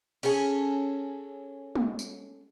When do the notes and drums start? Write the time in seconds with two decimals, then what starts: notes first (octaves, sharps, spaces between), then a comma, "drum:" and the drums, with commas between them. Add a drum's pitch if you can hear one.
0.23 C#4 G#4 A4 G#5, drum: cymbal
1.75 drum: tom
1.99 drum: tambourine